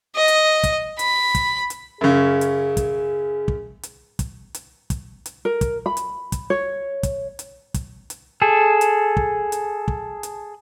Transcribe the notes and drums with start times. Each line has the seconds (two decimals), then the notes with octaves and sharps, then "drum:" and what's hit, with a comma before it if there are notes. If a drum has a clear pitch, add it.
0.15 D#5
0.28 drum: hi-hat
0.64 drum: kick, hi-hat
0.99 B5, drum: hi-hat
1.35 drum: kick, hi-hat
1.70 drum: hi-hat
2.01 F#2 C#3 G#4
2.41 drum: hi-hat
2.77 drum: kick, hi-hat
3.48 drum: kick
3.83 drum: hi-hat
4.19 drum: kick, hi-hat
4.55 drum: hi-hat
4.90 drum: kick, hi-hat
5.26 drum: hi-hat
5.45 A#4
5.61 drum: kick, hi-hat
5.86 B5
5.97 drum: hi-hat
6.32 drum: kick, hi-hat
6.50 C#5
7.03 drum: kick, hi-hat
7.39 drum: hi-hat
7.74 drum: kick, hi-hat
8.10 drum: hi-hat
8.42 G#4 A4
8.81 drum: hi-hat
9.17 drum: kick
9.52 drum: hi-hat
9.88 drum: kick
10.23 drum: hi-hat